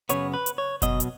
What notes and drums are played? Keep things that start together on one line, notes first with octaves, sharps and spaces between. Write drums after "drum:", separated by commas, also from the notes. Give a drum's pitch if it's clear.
F#2 C#3 B3 C#5, drum: hi-hat
B4
drum: hi-hat
C#5
B2 F#3 B3 D#5, drum: kick F#1, hi-hat
drum: hi-hat